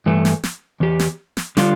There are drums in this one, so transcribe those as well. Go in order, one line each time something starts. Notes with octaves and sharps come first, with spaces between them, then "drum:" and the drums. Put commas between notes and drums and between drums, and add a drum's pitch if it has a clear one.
G2 E3 A3
drum: snare
drum: snare
E2 E3 G4
drum: snare
drum: snare
D3 G3 D4 F4, drum: snare